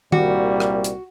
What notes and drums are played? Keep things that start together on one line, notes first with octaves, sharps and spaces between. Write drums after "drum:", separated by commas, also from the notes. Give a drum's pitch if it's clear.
C2 A#2 G3 F#4, drum: tom D#3
drum: rim click
drum: hi-hat